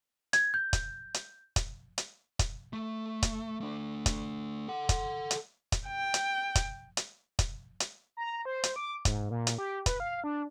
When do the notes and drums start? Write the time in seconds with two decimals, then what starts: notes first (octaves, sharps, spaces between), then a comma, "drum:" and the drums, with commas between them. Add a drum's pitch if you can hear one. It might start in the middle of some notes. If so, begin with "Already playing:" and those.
0.33 G#6, drum: hi-hat
0.54 G6
0.73 drum: kick, hi-hat
1.14 drum: hi-hat
1.56 drum: kick, hi-hat
1.98 drum: hi-hat
2.39 drum: kick, hi-hat
2.73 A3
3.23 drum: kick, hi-hat
3.60 A3 D4
4.06 drum: kick, hi-hat
4.68 A4 F#5
4.89 drum: kick, hi-hat
5.31 drum: hi-hat
5.72 drum: kick, hi-hat
5.88 G5
6.14 drum: hi-hat
6.55 drum: kick, hi-hat
6.97 drum: hi-hat
7.39 drum: kick, hi-hat
7.80 drum: hi-hat
8.17 A#5
8.45 C5
8.64 drum: hi-hat
8.76 D6
9.05 G#2, drum: kick, hi-hat
9.31 A#2
9.47 drum: hi-hat
9.58 G4
9.86 B4, drum: kick, hi-hat
10.00 F5
10.24 D4